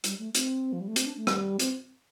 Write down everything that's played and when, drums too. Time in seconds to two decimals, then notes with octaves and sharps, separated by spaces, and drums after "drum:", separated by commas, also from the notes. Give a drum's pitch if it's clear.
0.04 G3, drum: hi-hat
0.19 A3
0.35 C4, drum: hi-hat
0.73 F3
0.81 G3
0.88 A3
0.96 C4, drum: hi-hat
1.06 D4
1.17 A3
1.27 G3, drum: rim click
1.59 C4, drum: hi-hat